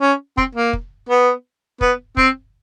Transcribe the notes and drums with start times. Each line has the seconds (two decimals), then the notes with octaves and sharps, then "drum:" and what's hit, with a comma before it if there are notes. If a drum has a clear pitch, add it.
0.01 C#4
0.38 C4, drum: kick
0.55 A#3
0.73 drum: kick
1.09 B3
1.81 B3, drum: kick
2.17 C4, drum: kick